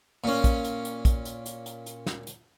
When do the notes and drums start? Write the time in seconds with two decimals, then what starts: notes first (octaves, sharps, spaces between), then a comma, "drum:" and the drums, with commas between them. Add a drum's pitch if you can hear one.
0.24 A#2 C#4
0.44 drum: kick A#1, hi-hat
0.64 drum: hi-hat
0.85 drum: hi-hat
1.05 drum: kick A#1, hi-hat
1.25 drum: hi-hat
1.46 drum: hi-hat
1.66 drum: hi-hat
1.86 drum: hi-hat
2.07 drum: snare
2.27 drum: hi-hat